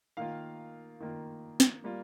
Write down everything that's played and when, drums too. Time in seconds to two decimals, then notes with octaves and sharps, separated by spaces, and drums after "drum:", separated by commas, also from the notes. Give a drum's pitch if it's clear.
0.17 D#3 A#3 F4 F5
1.00 D#3 A#3 F4
1.60 drum: snare
1.84 G3 A#3 F4